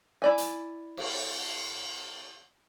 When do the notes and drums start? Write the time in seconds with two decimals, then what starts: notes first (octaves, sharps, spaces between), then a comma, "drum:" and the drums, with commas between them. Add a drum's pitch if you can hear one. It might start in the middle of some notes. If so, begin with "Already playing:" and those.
0.22 E4 D5 G#5
0.38 drum: hi-hat
0.97 drum: cymbal